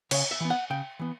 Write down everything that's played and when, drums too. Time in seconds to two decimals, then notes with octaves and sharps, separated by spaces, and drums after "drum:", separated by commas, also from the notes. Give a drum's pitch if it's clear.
0.11 C#3 C#5, drum: cymbal
0.31 E5
0.40 E3 B3
0.50 F#5
0.70 C#3 G5
0.99 E3 B3